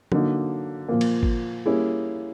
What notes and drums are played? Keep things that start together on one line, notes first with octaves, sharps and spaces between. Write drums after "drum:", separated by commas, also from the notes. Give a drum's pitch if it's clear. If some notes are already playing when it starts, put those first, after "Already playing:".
D3 F#3 A#3 D#4, drum: tom
A#2 F3 A#3
drum: cymbal
drum: kick
G3 A#3 C#4 E4 G#4